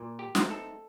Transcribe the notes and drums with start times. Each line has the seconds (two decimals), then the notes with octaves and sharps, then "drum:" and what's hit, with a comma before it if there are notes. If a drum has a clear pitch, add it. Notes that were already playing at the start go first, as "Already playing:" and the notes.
Already playing: A#2
0.19 G4
0.35 A3 C4 D#4, drum: snare
0.51 A4